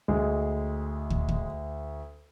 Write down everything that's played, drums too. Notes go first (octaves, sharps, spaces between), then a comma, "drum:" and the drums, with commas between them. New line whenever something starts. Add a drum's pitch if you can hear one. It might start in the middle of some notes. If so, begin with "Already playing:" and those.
D2 G#3
drum: kick
drum: kick